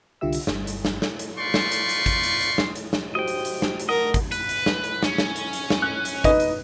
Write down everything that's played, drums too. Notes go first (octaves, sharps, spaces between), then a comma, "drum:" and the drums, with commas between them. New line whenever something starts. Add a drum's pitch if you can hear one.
C2 D3 F4 G4 E5 E6
drum: hi-hat
G1 G2, drum: snare
drum: hi-hat
drum: snare
drum: snare
drum: hi-hat
D#4 F4 B4 D5 C6 C#6
drum: snare
drum: hi-hat
drum: hi-hat
drum: kick, hi-hat
drum: hi-hat
drum: hi-hat
drum: snare
drum: hi-hat
drum: snare
F#4 G4 C5 D#5 G5
drum: hi-hat
drum: hi-hat
drum: snare
drum: hi-hat
A3 A#4 D#5 F#5
drum: kick, hi-hat
B4, drum: hi-hat
drum: hi-hat
drum: snare
drum: hi-hat
C#4, drum: snare
drum: snare
drum: hi-hat
drum: hi-hat
drum: snare
F#6
drum: hi-hat
D#4 B4 D#5, drum: kick, hi-hat
drum: hi-hat